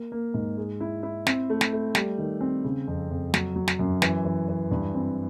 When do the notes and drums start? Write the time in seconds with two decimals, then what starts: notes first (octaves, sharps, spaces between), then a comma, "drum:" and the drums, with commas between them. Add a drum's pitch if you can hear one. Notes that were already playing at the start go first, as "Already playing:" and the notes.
Already playing: A#3
0.12 A#3
0.34 G#2
0.57 G#3
0.80 E4
1.03 E4
1.27 C4, drum: snare
1.50 A3
1.61 drum: snare
1.73 A3
1.95 G3, drum: snare
2.18 D#3
2.41 C4
2.64 C#3
2.88 F2
3.11 F2
3.34 F#3, drum: snare
3.56 F#3
3.68 drum: snare
3.79 F#2
4.02 E3, drum: snare
4.25 E3
4.49 E3
4.71 G2
4.94 C4